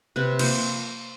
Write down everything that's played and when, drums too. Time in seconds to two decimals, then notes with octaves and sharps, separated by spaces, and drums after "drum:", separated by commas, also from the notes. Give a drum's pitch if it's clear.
0.16 C3 B4
0.39 F3 A#3 C5, drum: cymbal